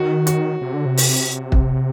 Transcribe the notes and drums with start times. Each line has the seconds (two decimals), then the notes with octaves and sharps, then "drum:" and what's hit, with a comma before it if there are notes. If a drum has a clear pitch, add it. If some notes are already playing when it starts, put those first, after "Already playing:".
Already playing: D#3 F#4
0.27 F#4, drum: hi-hat
0.62 C3
0.74 D3
0.86 C3
0.97 drum: open hi-hat
1.52 drum: kick